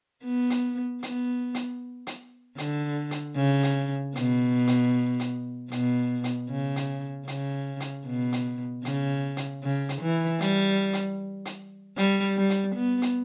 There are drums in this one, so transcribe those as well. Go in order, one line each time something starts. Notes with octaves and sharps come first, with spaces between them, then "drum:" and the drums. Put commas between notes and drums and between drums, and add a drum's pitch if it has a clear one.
B3
drum: hi-hat
B3, drum: hi-hat
drum: hi-hat
drum: hi-hat
D3, drum: hi-hat
drum: hi-hat
C#3
drum: hi-hat
B2, drum: hi-hat
drum: hi-hat
drum: hi-hat
B2, drum: hi-hat
drum: hi-hat
C#3
drum: hi-hat
C#3, drum: hi-hat
drum: hi-hat
B2
drum: hi-hat
C#3, drum: hi-hat
drum: hi-hat
C#3
drum: hi-hat
E3
G3, drum: hi-hat
drum: hi-hat
drum: hi-hat
G3, drum: hi-hat
G3
drum: hi-hat
B3
drum: hi-hat